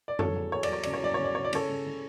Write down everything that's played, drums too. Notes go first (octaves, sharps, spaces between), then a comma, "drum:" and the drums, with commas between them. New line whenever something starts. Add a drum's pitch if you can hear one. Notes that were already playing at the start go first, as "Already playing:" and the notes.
D5
F#3 A4 C#5, drum: tom
E2
E2 C#5
D5, drum: cymbal
F#3 C#5
C#3 D5, drum: cymbal
C#5
F#3 D5
C#3 C#5
D5
C#3 C#5
D5
C#3 A4 C#5, drum: cymbal
C#3
C#3